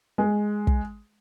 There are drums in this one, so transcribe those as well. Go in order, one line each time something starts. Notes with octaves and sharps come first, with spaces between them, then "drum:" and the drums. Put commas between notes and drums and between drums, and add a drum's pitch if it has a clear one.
G#3
drum: kick